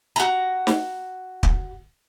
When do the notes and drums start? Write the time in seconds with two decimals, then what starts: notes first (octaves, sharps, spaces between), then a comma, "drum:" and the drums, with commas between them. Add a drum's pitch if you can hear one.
0.16 F#4 A#5
0.67 drum: snare
1.43 drum: kick